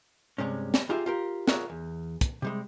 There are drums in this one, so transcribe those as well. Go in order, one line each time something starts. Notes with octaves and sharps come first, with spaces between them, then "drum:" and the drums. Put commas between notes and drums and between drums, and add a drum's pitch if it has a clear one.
G2 C3 G#3 C#4
drum: snare
D#4 F4 G4 G#4 E5
F4 G4 A#4
F4 G#4 A#4 C#5 E5 F#5, drum: snare
E2
drum: kick, hi-hat
C3 G3 G#3